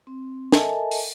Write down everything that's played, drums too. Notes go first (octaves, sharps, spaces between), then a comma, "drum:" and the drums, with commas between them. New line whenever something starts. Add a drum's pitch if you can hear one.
C4
A4 A#4 D#5 E5 G#5 A5, drum: snare
drum: open hi-hat